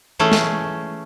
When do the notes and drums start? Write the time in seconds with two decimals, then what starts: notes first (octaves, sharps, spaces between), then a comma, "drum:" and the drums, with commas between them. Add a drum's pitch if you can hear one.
0.19 E3 A3 C#4 G#4
0.32 drum: snare